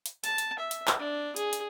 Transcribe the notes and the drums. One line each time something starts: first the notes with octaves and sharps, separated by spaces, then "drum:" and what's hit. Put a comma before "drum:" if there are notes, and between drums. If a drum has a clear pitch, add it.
drum: hi-hat
A5, drum: hi-hat
drum: hi-hat
E5
drum: hi-hat
drum: clap
D4
G#4, drum: hi-hat
drum: hi-hat